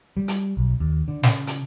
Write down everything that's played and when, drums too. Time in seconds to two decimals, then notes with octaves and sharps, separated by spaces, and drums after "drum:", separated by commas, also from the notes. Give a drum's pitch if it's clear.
0.17 G3
0.28 drum: hi-hat
0.57 B1
0.80 D#2
1.08 D3
1.23 C#3, drum: snare
1.47 drum: hi-hat